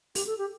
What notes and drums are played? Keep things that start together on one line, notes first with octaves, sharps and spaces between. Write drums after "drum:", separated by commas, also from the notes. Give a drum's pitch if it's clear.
G4, drum: open hi-hat
A4
G4